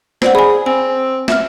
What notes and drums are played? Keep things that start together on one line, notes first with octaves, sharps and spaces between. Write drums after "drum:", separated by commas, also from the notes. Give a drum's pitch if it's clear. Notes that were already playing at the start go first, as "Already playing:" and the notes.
C4 C5 D5 F#5, drum: snare
G#4 G#5 B5
C4 G#5
E5 F6, drum: snare